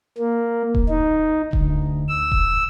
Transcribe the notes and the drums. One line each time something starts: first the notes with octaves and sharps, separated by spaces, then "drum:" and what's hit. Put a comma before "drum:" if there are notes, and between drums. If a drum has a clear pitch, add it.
A#3
drum: kick D#1
D#4
D2, drum: kick D#1
E6
drum: kick D#1